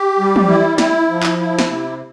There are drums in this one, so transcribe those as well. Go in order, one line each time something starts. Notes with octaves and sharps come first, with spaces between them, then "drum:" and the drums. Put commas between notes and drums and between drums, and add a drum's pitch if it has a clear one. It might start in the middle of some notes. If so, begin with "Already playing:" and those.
Already playing: G4
G3
drum: tom
E4
E4, drum: snare
F3
drum: clap
E4
drum: snare
C3